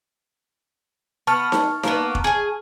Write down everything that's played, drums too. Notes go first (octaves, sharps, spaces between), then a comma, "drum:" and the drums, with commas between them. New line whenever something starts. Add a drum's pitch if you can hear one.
B3 A5 C#6 F6
drum: snare D#4
A#3 B3, drum: snare D#4
drum: kick F1
G#4 G#5